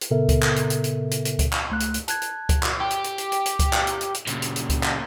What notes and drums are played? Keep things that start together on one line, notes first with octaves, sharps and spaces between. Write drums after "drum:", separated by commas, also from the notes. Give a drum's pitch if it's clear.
drum: hi-hat
A#2 C#3 B3 A4 A#4 E5
drum: kick C#2, hi-hat
drum: clap
drum: hi-hat
drum: hi-hat
drum: hi-hat
drum: hi-hat
drum: hi-hat
drum: kick C#2, hi-hat
drum: clap
C#2 A3 F#6
drum: hi-hat
drum: hi-hat
A5 F#6 G#6, drum: hi-hat
drum: hi-hat
drum: kick C#2, hi-hat
drum: clap
G4
drum: hi-hat
drum: hi-hat
drum: hi-hat
drum: hi-hat
drum: hi-hat
drum: kick C#2, hi-hat
drum: clap
drum: hi-hat
drum: hi-hat
drum: hi-hat
A#2 C#3, drum: hi-hat
drum: hi-hat
drum: hi-hat
drum: kick C#2, hi-hat
drum: clap